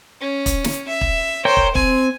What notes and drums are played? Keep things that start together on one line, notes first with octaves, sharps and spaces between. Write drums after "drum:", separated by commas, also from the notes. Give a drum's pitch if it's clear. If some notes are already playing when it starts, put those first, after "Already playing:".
C#4
drum: kick, hi-hat
drum: snare
E5
drum: kick
A#4 C5 C#5 G5
drum: kick
C4 G#5, drum: kick